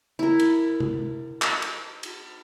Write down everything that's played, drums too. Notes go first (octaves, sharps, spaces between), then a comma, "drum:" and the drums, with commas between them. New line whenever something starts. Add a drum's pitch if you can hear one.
E4 A#4
drum: cymbal
drum: tom
drum: clap
drum: cymbal
drum: cymbal